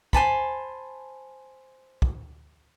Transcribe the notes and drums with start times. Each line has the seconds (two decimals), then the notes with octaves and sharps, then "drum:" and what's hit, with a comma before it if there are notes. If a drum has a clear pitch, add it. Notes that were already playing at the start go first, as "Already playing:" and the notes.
0.13 C5 G#5 A5 B5, drum: kick
2.02 drum: kick